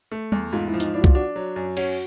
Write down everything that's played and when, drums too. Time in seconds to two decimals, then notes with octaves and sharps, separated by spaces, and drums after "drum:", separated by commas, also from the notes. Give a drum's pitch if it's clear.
0.12 A3
0.32 E2, drum: tom
0.53 G#2 F4
0.67 E4
0.74 F3
0.80 D#4, drum: hi-hat
0.94 D4 E4
1.01 F#4
1.04 F4, drum: kick C2
1.15 D4 F#4
1.36 F#3
1.56 F#2
1.77 C#4 F#4, drum: cymbal